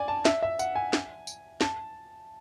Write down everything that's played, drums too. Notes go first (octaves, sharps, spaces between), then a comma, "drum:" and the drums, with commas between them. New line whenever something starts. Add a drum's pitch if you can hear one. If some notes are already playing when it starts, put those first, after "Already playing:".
Already playing: D5 G#5
A5
E5, drum: snare
E5
F#5, drum: tambourine
G#5
drum: snare
drum: tambourine
A5, drum: snare